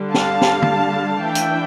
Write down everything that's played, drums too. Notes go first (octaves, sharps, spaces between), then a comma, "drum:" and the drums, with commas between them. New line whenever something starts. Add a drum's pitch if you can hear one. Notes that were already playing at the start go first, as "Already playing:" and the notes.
Already playing: D3 G3 D4
F5 A5, drum: snare
drum: snare
drum: tom
E3 A3 D4 E5 G5
drum: hi-hat